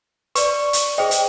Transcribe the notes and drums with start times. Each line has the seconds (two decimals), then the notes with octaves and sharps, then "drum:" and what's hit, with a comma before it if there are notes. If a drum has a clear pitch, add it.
0.35 B4 D5 C#6, drum: hi-hat
0.73 drum: hi-hat
0.98 G#4 C5 D#5 G5
1.11 drum: hi-hat